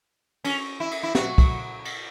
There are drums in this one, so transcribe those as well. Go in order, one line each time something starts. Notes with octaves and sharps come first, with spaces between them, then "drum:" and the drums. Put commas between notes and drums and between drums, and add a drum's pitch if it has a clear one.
C#4, drum: cymbal
E4
drum: cymbal
E4
F#4, drum: snare
drum: kick, cymbal
drum: cymbal